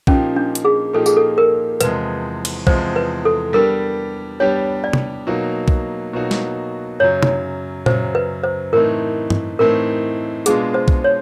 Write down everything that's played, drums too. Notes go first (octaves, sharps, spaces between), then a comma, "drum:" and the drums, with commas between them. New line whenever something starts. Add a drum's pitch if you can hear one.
A#2 F3 A#3 C#4 D#4 G4, drum: kick B1
D4
drum: hi-hat
G#4
A#2 F3 A#3 D#4 G4 A4
G#4, drum: tambourine
A4
A#4
E2 C3 F3 G#3 B4, drum: hi-hat
drum: cymbal
E2 C3 F3 G#3 C5, drum: kick B1
B4
A4
G3 B3 D4 G4 A#4
G3 B3 D4 G4 C#5
D5
drum: tom
B2 F#3 A#3 D#4 F#4
drum: kick B1
B2 F#3 A#3 D#4 F#4
drum: snare
F#2 C#3 F#3 C#5
drum: tom
F#2 C#3 F#3 C5, drum: tom A#2
B4
C5
A2 E3 A3 C4 D#4 A#4
drum: tom G2
A2 E3 A3 C4 D#4 A#4
B2 G#3 B3 D4 F4 G#4, drum: hi-hat
C5
drum: kick B1
C#5